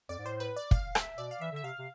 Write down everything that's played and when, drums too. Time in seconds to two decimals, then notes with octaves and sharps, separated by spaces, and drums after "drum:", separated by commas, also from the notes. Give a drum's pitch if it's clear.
0.09 F2 D5
0.18 G#2
0.25 A2 C5
0.40 B4
0.56 D5
0.71 F5, drum: kick
0.95 E5, drum: rim click
1.17 B2 D5
1.31 F5
1.40 E3 E5
1.52 D3 E5
1.63 C3 F5
1.79 C3